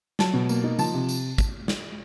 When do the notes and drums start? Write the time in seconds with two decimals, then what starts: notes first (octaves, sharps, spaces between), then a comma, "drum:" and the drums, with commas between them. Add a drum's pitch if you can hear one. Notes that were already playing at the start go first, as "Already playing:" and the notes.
0.19 F#3 A5, drum: snare
0.34 B2
0.49 A#3, drum: tambourine
0.64 D#4
0.78 F3 A5, drum: tambourine
0.94 C3
1.09 drum: tambourine
1.38 drum: kick, tambourine
1.68 drum: snare